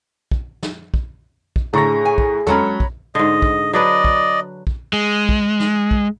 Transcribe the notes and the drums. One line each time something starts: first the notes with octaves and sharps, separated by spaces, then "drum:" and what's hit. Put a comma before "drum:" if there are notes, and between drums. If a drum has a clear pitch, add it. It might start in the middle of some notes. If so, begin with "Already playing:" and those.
drum: kick
drum: snare
drum: kick
drum: kick
A2 D3 G#4 A#5 C#6 A#6
G#5
drum: kick
F#3 G#3 C#4 A4 C#5 A#5 B5, drum: tom
drum: kick
G#2 D3 D#5
drum: kick
F#3 D4 B4 D5 D#5
drum: kick
drum: kick
G#3
drum: kick
drum: snare
drum: kick